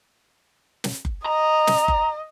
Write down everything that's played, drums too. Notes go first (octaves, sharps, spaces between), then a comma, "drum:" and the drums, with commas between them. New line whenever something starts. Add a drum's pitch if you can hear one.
drum: snare
drum: kick F#1
D#5 A#5
drum: snare
drum: kick F#1